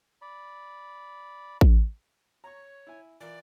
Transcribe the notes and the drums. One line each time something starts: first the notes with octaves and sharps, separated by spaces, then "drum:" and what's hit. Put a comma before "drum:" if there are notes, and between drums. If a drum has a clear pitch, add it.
D5 B5
drum: kick A1
C#5 A#5 C#6
E4 G#5
E3 F4 A#4 D5